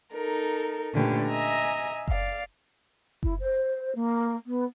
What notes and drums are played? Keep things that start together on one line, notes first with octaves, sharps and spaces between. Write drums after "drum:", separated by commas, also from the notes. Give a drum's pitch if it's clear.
D#4 A4 A#4
A#2 D3 A3 C#4 G4 B4
D#5 E5 G#5 A#5
D5 F5, drum: kick F#1
E4, drum: kick F#1
C5
A#3
B3